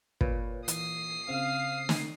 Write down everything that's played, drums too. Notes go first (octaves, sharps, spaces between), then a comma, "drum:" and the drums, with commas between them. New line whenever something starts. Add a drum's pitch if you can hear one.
A#2 B4 C#5, drum: kick
E3 D#6 C7, drum: hi-hat
C#3 C4 F5
drum: snare